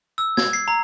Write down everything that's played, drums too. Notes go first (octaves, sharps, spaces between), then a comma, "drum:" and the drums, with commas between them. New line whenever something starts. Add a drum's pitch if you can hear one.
E6
G#6, drum: snare
C7
A#5